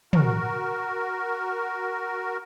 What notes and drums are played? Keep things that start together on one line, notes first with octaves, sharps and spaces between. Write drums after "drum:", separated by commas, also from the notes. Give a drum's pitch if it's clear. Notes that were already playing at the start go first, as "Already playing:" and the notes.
F#4 A#4, drum: tom